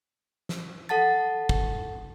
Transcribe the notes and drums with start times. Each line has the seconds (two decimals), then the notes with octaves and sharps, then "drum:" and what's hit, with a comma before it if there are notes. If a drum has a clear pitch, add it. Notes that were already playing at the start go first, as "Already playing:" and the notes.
0.49 drum: snare
0.89 A4 F#5 A5 A6
1.49 drum: kick